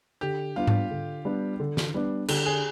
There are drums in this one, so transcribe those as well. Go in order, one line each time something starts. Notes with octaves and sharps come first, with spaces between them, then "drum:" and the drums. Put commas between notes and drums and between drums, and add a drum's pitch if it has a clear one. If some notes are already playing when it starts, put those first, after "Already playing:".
D3 G4
G3 B3 D4 F4
drum: tom G#2
D3
G3 B3 D4
D3
drum: snare
G3 B3 D4
D3 G4, drum: cymbal
G#4